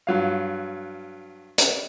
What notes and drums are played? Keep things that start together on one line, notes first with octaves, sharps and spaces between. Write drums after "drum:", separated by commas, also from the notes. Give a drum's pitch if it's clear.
G2 F#3 F5
drum: hi-hat